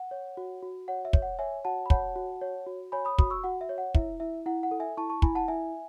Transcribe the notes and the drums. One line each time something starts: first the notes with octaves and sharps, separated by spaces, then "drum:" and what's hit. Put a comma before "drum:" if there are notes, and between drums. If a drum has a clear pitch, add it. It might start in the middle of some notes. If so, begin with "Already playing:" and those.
Already playing: F#5
C#5
F#4
F#4
C#5 F#5
E5
C#5, drum: kick
F#5
C#5 E5 G#5
F#4 F#5 A5
B5
C#5 F#5 A5, drum: kick
F#4
C#5
F#4
C#5 G#5 B5
B5 D#6
F#4 B5 D#6, drum: kick
C#6 E6
F#4 F#5
E5
C#5
F#5
E4 E5, drum: kick
E4 E5
E4 F#5
F#5
A4
E5 G#5
E4 A5 C#6
A5 C#6
E4 G#5 B5, drum: kick
F#5 A5
E4 E5 G#5